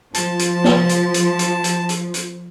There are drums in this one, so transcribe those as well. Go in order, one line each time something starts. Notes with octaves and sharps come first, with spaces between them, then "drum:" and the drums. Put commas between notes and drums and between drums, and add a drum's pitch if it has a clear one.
F3 A5, drum: hi-hat
drum: hi-hat
drum: snare
drum: hi-hat
drum: hi-hat
drum: hi-hat
drum: hi-hat
drum: hi-hat
drum: hi-hat